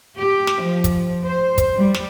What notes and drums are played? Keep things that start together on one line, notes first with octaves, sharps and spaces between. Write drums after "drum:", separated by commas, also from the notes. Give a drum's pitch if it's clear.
G4
drum: snare
F3
drum: kick, hi-hat
C5
drum: kick, hi-hat
G3
drum: snare